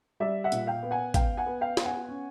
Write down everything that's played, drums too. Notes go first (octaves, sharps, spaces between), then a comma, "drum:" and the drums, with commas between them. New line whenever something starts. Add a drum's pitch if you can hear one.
G3 D5 E5
E5 F#5
A#2, drum: hi-hat
F5 G5
B3
F#5 G#5
B3 F5 G5, drum: kick, hi-hat
F#5 G#5
B3
F5 G5
B3, drum: snare
F#5 G#5
C#4